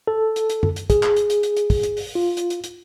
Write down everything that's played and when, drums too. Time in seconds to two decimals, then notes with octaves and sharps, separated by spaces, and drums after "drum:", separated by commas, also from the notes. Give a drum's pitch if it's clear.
0.08 A4
0.36 drum: hi-hat
0.50 drum: hi-hat
0.63 drum: tom F#2
0.76 drum: hi-hat
0.90 G#4, drum: kick, hi-hat
1.03 drum: clap
1.16 drum: hi-hat
1.30 drum: hi-hat
1.43 drum: hi-hat
1.57 drum: hi-hat
1.70 drum: kick, open hi-hat
1.83 drum: hi-hat
1.97 drum: open hi-hat
2.15 F4
2.37 drum: hi-hat
2.50 drum: hi-hat
2.64 drum: hi-hat